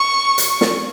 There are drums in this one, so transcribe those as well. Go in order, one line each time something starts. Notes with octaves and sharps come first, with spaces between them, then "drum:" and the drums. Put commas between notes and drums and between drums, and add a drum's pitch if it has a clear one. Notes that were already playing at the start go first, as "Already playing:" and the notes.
Already playing: C#6
drum: hi-hat
drum: snare